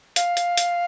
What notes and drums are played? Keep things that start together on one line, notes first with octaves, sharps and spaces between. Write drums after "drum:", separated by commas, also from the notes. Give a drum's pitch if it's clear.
F5, drum: hi-hat
drum: hi-hat
drum: hi-hat